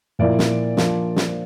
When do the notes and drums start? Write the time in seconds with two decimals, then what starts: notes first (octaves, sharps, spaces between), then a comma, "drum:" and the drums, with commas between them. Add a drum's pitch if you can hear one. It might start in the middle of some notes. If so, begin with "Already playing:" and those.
0.19 A#2 F3 A#3 E4 D5
0.39 drum: snare
0.77 F3 A#3 D4, drum: snare
1.16 drum: snare